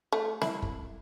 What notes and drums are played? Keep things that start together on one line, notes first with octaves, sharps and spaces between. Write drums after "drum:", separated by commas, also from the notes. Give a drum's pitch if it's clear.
A3
E4, drum: snare C4
drum: kick